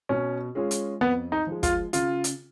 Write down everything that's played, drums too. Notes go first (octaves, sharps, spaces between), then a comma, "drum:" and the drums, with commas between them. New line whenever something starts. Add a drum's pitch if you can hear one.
B2 C#4
G#3 C#4 F4 G#4
drum: hi-hat
F2 B3
D#4
F3 G#3
F4, drum: kick, hi-hat
C#3 F4, drum: hi-hat
drum: hi-hat